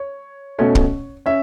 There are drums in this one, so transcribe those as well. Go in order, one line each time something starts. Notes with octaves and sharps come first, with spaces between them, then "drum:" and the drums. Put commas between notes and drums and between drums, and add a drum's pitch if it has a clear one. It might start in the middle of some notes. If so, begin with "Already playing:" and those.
Already playing: C#5
B2 A3 C#4
drum: kick
C#4 E5